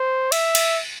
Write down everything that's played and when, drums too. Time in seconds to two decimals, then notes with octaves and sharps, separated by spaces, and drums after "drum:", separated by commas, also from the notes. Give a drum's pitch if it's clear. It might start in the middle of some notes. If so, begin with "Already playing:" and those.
Already playing: C5
0.32 E5, drum: cymbal
0.55 drum: cymbal